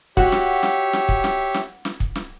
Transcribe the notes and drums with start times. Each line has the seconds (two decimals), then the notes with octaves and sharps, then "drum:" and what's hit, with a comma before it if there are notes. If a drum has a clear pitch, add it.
0.17 F#4 G4 C#5 E5, drum: kick
0.32 drum: snare
0.63 drum: snare
0.93 drum: snare
1.09 drum: kick
1.24 drum: snare
1.54 drum: snare
1.85 drum: snare
2.00 drum: kick
2.15 drum: snare